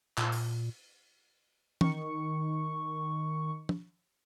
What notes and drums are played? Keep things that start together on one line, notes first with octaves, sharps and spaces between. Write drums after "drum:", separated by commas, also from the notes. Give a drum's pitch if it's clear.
A#2, drum: clap
drum: open hi-hat
D#3 C#6, drum: tom
drum: tom